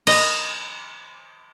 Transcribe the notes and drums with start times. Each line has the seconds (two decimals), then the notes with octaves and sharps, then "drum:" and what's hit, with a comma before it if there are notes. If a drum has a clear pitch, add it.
0.07 D#5, drum: cymbal